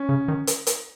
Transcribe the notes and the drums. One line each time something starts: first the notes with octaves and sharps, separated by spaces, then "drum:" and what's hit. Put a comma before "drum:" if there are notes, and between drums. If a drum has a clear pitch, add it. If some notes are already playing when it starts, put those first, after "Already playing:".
Already playing: C#4
C#3
D#3
drum: hi-hat
drum: hi-hat